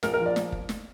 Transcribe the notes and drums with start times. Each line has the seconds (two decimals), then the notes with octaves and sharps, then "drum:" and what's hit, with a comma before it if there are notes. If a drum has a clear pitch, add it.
0.03 A#1 A#4, drum: snare
0.14 A#4
0.20 F3
0.26 D5
0.36 drum: snare
0.52 drum: kick
0.69 drum: snare